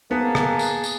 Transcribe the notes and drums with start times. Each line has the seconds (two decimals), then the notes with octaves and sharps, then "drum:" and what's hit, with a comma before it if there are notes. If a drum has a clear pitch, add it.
0.11 A#3 B3 G#4 A5
0.35 drum: rim click
0.59 drum: tambourine
0.84 drum: tambourine